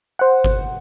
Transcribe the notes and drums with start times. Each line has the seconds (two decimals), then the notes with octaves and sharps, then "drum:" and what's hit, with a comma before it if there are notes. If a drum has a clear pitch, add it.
0.19 C5 F#5
0.44 drum: kick G1